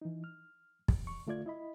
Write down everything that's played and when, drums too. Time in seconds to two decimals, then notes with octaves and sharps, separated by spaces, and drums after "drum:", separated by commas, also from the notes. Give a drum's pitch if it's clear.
0.01 E3 D#4
0.24 F6
0.88 drum: kick
1.04 E2 C#6
1.27 D3 A3 F4 D5 G#6
1.46 E4 D#5 B5